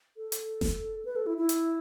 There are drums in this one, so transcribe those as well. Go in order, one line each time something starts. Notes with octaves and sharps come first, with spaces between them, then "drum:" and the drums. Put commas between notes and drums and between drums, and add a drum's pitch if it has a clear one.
A4
drum: hi-hat
drum: snare F1
B4
A4
E4
E4
drum: hi-hat